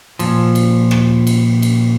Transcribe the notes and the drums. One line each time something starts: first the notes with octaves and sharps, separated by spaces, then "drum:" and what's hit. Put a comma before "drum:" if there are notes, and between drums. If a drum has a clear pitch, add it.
A#2 F3, drum: cymbal
drum: cymbal
drum: rim click
drum: cymbal
drum: cymbal